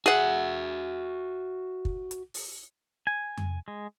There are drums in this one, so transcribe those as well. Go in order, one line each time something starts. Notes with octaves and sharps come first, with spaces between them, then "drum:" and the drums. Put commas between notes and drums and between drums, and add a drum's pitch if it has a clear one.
F#4 G#4 E5 F#5
drum: kick
drum: hi-hat
drum: open hi-hat
G#5
drum: tom F2
G#3